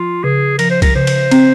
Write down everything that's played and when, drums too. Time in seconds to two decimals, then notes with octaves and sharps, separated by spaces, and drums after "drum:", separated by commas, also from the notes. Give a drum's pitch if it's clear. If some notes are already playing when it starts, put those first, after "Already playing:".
Already playing: F3 F4
0.24 C#3 G#4
0.59 F3 A#4, drum: cymbal
0.71 C5
0.82 A#4, drum: kick C2, cymbal
0.95 C#3 C5
1.07 drum: cymbal
1.31 C4, drum: cymbal